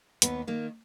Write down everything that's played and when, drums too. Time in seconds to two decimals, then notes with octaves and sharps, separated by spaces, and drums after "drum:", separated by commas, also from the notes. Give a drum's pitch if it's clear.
0.22 D#2 B3, drum: hi-hat
0.47 D#3 A#3